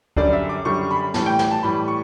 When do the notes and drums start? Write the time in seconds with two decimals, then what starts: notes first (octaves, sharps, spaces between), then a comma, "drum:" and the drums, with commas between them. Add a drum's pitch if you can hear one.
0.16 F#2 D3 G3 D5, drum: kick
0.33 E5
0.49 D6
0.65 F#2 D3 G3 C#6
0.91 B5
1.14 A2 E3 G3 A5, drum: snare
1.26 G5
1.39 G5, drum: snare
1.51 A5
1.63 A2 E3 G3 B5
1.88 C#6